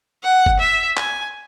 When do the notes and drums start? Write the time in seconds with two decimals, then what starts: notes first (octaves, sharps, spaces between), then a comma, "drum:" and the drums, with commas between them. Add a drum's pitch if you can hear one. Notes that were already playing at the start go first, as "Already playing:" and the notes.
0.24 F#5
0.46 drum: kick
0.60 E5
0.97 G#5, drum: clap